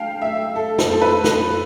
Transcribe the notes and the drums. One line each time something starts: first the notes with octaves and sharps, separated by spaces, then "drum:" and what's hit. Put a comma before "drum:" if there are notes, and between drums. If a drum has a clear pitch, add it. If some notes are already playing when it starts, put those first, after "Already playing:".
Already playing: F5 G5 A5
E5
A4
C5, drum: snare
A4
B4
drum: snare